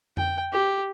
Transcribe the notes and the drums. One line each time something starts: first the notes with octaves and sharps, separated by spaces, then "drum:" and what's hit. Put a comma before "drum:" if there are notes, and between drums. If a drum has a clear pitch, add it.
G5, drum: tom F2
G4